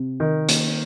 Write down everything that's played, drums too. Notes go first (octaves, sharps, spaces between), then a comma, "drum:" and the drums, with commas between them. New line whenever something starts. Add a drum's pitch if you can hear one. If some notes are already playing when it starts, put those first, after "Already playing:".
Already playing: C3
D#3
A#3, drum: hi-hat